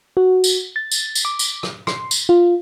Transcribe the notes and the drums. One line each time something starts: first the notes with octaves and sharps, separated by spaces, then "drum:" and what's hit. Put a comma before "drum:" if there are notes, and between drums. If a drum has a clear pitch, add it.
F#4
drum: tambourine
A6
drum: tambourine
drum: tambourine
D6
drum: tambourine
drum: rim click
C6, drum: rim click
drum: tambourine
F4